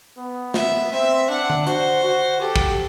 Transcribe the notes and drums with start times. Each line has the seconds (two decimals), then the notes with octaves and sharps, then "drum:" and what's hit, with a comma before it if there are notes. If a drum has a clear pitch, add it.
0.18 B3
0.54 E5, drum: snare
0.91 C4 E5
1.29 D4 F#5
1.50 drum: tom D3
1.67 F#4 C5, drum: hi-hat
2.04 F#4
2.41 G4 A4
2.56 drum: kick